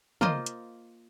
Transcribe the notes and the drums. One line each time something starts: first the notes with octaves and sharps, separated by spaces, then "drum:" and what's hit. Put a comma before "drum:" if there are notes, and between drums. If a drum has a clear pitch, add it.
A#3 F4 C5 D#5, drum: tom
drum: hi-hat